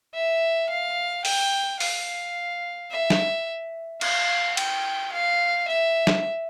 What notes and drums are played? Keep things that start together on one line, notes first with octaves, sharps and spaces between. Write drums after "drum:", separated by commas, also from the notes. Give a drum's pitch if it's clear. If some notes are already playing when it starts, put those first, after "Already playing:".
E5
F5
G5, drum: open hi-hat
F5, drum: open hi-hat
E5
drum: snare
F5, drum: cymbal
G5, drum: cymbal
F5
E5
drum: snare